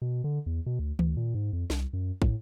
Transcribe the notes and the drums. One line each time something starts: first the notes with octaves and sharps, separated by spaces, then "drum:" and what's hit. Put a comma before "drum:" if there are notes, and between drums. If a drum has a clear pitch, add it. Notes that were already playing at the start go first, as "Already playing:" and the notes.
B2
D3
E2
B2
D2
D2, drum: tom D#3
A#2
G#2
F2
C2, drum: snare
F#2
A2, drum: kick